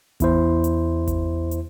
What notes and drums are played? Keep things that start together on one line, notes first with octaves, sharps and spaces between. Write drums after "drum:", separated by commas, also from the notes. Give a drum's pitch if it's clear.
E2 E4 C5, drum: kick G#1, hi-hat
drum: hi-hat
drum: kick G#1, hi-hat
drum: hi-hat